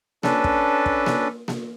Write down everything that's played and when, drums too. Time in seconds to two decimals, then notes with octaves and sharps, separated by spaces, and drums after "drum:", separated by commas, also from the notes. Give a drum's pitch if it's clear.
0.23 C#4 D4 A4 B4, drum: snare A#3
0.44 drum: kick
0.86 drum: kick
1.06 drum: snare A#3
1.48 drum: snare A#3